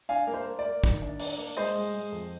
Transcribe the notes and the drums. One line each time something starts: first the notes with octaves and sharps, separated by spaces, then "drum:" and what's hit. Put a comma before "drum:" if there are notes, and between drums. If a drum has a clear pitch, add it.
D4 F5 G#5
A#3
C5
A#3
D5
A#3
D#3, drum: kick
D4
D4, drum: open hi-hat
A#3
G#3 C5 D#5
G#3
G#3
F2